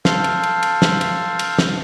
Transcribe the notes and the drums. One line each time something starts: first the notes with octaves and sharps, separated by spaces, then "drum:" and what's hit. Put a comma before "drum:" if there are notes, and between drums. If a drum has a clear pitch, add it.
A4 C5 F5, drum: snare
drum: cymbal
drum: cymbal
drum: cymbal
drum: snare
drum: cymbal
drum: cymbal
drum: snare